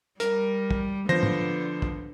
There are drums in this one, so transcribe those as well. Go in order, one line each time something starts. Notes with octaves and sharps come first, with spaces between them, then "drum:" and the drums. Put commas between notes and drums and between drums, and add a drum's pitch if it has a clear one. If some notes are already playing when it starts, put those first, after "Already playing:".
G3 A#4, drum: hi-hat
drum: kick
D3 F3 B3 C5 A#6, drum: tom
drum: tom
drum: kick